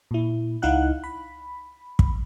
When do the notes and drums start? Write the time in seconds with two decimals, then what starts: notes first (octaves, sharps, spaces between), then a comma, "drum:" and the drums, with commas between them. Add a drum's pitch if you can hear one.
0.11 A#2 E4
0.62 C#2 D#4 E4 F5 F#5 F#6
1.04 B5
1.99 drum: kick